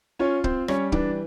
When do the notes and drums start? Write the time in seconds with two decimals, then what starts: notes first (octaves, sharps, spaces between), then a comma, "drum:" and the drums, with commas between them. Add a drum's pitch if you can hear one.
0.19 C#4 F4 C#5
0.44 C4 C5, drum: kick
0.68 G3 C#4 C#5, drum: rim click
0.92 E3 D4 D5, drum: kick